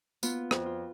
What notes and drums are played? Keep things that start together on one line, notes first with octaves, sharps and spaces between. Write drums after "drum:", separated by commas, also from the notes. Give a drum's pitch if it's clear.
B3 F4, drum: tambourine
F2, drum: rim click
F4